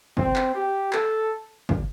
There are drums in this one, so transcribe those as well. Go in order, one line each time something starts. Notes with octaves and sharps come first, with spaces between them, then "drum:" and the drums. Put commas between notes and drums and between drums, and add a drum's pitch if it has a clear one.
C4, drum: kick G1
drum: clap
G4
A4, drum: clap
drum: kick G1